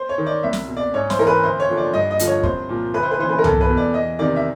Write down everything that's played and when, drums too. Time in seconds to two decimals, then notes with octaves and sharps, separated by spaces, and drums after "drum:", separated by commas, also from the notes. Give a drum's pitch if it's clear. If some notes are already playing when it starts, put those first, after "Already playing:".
Already playing: C5
0.09 C#5
0.18 D#3
0.26 D5
0.43 C2 E5
0.53 drum: snare
0.68 B2
0.77 D5
0.94 G#2 C#5
1.10 C5, drum: snare
1.19 E3 A#4
1.27 B4
1.44 D2 C5
1.60 C#5
1.69 D3 F3
1.77 D5
1.93 G2 D#5
2.11 D#5
2.19 D3 F3, drum: hi-hat
2.27 C#5
2.43 C2 C5, drum: kick
2.69 A#2 F3
2.94 D2 B4
3.03 C5
3.11 B4
3.19 C#3 E3 C5
3.29 B4
3.39 A#4
3.44 E2 A4, drum: tom
3.61 B4
3.69 B2
3.77 D5
3.94 E2 D#5
4.19 C3 D#3 D5
4.36 E5